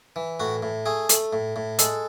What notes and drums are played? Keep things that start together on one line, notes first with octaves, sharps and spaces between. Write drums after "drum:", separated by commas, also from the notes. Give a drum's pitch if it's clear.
E3
A2 F#4
A2
A3 G#4
A3, drum: hi-hat
A2
A2
G#3 A4, drum: hi-hat